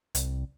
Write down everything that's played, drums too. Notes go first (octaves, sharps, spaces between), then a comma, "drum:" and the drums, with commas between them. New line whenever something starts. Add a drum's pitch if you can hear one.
C2, drum: hi-hat